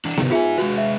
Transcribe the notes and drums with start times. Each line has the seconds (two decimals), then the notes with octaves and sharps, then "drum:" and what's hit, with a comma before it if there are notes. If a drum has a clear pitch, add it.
0.05 E3 D4
0.17 C3 D#3, drum: snare B3
0.31 D#4 F4 G#4 E5 G#5
0.58 G#3 F#4 G#4 B4
0.78 E5